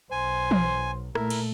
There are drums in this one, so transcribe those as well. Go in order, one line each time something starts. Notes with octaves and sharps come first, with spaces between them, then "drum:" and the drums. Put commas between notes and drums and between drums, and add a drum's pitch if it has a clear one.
B1 C5 G#5
drum: tom E3
A#2 A3 E4 A#4, drum: rim click
drum: cymbal